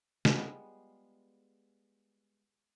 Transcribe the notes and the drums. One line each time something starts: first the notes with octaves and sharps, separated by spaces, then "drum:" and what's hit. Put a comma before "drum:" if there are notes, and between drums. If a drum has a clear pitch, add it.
G3 G#3 B3 F4, drum: snare